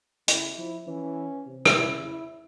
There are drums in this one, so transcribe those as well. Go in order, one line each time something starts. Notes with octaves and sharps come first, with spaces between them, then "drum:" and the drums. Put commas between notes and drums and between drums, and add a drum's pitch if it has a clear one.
C#3 E4, drum: hi-hat
F3 E4
E3 C#4
C3
drum: rim click
C#3 E4
E4